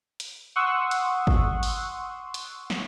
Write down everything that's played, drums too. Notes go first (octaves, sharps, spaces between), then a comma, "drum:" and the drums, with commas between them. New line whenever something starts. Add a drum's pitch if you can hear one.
drum: hi-hat
F#5 C6 C#6 D#6 E6 F#6
drum: hi-hat
drum: kick
drum: open hi-hat
drum: hi-hat
drum: snare